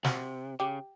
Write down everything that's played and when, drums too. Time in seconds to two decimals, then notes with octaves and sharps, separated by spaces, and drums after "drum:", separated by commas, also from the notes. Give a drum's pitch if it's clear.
0.04 C3 F#4, drum: snare
0.60 C#3 G4